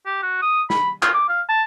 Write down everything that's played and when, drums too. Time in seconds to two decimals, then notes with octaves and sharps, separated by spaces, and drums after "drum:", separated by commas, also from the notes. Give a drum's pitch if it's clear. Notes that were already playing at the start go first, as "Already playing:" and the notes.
0.06 G4
0.23 F#4
0.42 D#6
0.70 B5, drum: snare
1.03 F4, drum: clap
1.14 D6
1.29 F5
1.49 A5